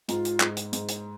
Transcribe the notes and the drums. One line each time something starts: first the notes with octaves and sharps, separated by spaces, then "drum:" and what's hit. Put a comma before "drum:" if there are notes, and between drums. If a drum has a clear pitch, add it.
G#2 F4, drum: hi-hat
drum: hi-hat
G#2, drum: clap
drum: hi-hat
G#2, drum: hi-hat
drum: hi-hat